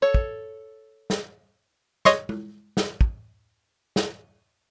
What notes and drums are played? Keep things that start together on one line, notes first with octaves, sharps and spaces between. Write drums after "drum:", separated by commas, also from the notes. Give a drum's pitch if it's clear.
A4 C#5
drum: kick
drum: snare
C#5 D#5 C6 C#6, drum: snare
drum: tom G#3
drum: snare
drum: kick
drum: snare